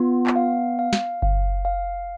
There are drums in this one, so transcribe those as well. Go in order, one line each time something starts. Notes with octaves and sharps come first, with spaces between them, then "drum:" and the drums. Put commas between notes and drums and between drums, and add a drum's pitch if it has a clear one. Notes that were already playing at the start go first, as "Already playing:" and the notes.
Already playing: B3 F4
drum: clap
F5
F5
drum: snare
F5, drum: kick F#1
F5